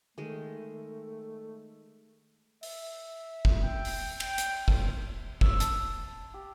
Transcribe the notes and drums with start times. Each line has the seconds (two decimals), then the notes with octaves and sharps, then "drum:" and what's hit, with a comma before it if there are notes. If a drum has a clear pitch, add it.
0.18 D#3 G#3 A3
2.63 E5, drum: open hi-hat
3.45 drum: kick
3.63 G5
3.85 drum: open hi-hat
4.20 G5, drum: cymbal
4.38 drum: hi-hat
4.68 drum: kick
5.41 E6, drum: kick
5.60 A5, drum: hi-hat
6.34 G4